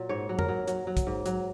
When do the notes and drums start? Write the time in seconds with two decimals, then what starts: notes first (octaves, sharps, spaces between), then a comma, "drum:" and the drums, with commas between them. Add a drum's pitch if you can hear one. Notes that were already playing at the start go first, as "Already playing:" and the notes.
Already playing: A#2 F#3
0.09 G#2 C#5
0.29 F#3
0.39 A#4, drum: tom F2
0.49 F#3
0.68 F#3, drum: hi-hat
0.87 F#3
0.97 drum: kick, hi-hat
1.07 G#2
1.26 F#3, drum: hi-hat